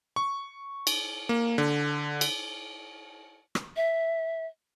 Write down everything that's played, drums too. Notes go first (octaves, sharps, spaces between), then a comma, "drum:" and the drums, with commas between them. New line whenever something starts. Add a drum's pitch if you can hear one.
C#6
drum: cymbal
A#3
D3
drum: cymbal
drum: rim click
E5